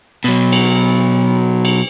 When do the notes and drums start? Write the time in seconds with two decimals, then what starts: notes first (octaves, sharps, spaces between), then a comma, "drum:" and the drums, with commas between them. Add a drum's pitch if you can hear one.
0.24 B2 F#3
0.52 drum: cymbal
1.65 drum: cymbal